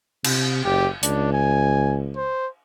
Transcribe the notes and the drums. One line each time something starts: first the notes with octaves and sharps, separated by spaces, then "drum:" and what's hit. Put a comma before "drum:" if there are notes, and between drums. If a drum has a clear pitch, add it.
C3, drum: cymbal
F#1 G4
C#2 D4, drum: hi-hat
G#5
C5